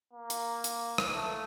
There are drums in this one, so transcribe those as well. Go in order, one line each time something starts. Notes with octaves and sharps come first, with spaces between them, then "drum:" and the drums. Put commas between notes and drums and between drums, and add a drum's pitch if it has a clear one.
A#3
drum: hi-hat
drum: hi-hat
drum: rim click
A3